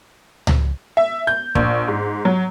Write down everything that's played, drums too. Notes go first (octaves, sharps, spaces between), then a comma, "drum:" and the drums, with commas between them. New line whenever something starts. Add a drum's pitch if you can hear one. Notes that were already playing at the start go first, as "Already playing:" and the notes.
drum: tom C#2
E5
G6
A#1, drum: kick
G#2
F#3